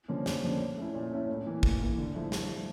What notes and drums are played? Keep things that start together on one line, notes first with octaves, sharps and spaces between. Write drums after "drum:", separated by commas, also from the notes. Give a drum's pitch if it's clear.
D3 F3 A#3 C#4
F2, drum: snare
D3 F3 A#3 C#4
A#2
A3 C#4 E4
A#2
A3 C#4 E4
A2
E3 A#3 E4
A2, drum: kick
E3 A#3 E4
D3
F3 A3 E4
drum: snare